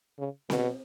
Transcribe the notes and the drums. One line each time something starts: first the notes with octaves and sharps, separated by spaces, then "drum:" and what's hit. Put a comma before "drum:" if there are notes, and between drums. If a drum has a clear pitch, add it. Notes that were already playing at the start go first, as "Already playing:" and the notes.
C#3
B2, drum: snare C4